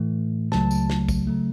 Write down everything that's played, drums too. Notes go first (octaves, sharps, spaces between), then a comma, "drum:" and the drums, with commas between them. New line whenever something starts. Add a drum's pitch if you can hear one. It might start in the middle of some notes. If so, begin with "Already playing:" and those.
Already playing: A2 E3 A3
C#2 C#3 F#3 A3 A5, drum: snare
drum: tambourine
drum: snare
drum: kick, tambourine
C#3 F#3 A3